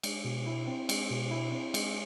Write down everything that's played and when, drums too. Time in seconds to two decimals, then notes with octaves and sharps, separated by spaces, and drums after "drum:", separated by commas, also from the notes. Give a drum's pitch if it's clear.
0.03 G#3, drum: cymbal
0.25 B2
0.46 E4
0.67 C4
0.89 G#3, drum: cymbal
1.10 B2
1.31 E4
1.52 C4
1.74 G#3, drum: cymbal